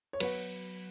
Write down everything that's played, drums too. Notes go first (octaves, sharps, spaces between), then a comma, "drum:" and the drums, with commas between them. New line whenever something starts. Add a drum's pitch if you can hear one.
C#5
F#3 B3 F#4 B4, drum: cymbal